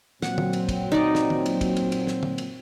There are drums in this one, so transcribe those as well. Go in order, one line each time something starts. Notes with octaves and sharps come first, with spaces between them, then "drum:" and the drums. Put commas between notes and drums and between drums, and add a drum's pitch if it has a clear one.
A#2 F#3 C4 F#5, drum: snare
drum: tom
drum: cymbal
drum: kick, cymbal
D#4 D5 D#5
drum: snare
drum: tom
drum: cymbal
drum: kick, cymbal
drum: cymbal
drum: cymbal
drum: snare
drum: tom
drum: cymbal